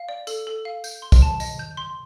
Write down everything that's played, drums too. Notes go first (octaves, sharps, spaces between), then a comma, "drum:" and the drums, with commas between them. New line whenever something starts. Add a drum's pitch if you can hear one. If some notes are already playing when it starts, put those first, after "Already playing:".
Already playing: F5
D5
A4, drum: tambourine
A4
F5
G6, drum: tambourine
C6
drum: kick, tambourine
A5
D#5, drum: tambourine
G6
C6